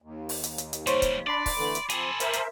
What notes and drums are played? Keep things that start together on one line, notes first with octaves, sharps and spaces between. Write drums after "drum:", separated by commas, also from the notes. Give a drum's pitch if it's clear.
D#2
drum: open hi-hat
drum: hi-hat
drum: hi-hat
drum: hi-hat
C#2 G3 C5 C#5, drum: hi-hat
drum: kick C#1, hi-hat
D4 D5 B5 C6 D6
drum: kick C#1, open hi-hat
D3 E3 A3
drum: hi-hat
F3 C4 G#4 A4, drum: hi-hat
A#4 C5 E5, drum: hi-hat
drum: hi-hat